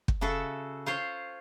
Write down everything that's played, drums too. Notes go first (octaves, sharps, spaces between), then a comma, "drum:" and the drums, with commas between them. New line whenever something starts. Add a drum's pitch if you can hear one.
drum: kick
C#3 F#4 A4 E5
F4 C5 C#5